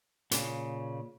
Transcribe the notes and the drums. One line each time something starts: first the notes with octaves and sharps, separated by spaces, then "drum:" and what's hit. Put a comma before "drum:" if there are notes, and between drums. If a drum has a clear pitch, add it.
A#2 C#3, drum: hi-hat